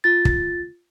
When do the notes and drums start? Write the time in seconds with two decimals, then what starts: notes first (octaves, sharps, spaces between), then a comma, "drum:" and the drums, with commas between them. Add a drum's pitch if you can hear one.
0.04 F4 A6
0.25 drum: kick